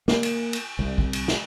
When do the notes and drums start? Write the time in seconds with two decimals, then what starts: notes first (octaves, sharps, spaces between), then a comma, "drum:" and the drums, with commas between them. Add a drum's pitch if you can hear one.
0.08 A#3, drum: snare
0.23 drum: cymbal
0.53 drum: cymbal
0.79 C2
0.98 drum: kick B1
1.13 drum: cymbal
1.28 drum: snare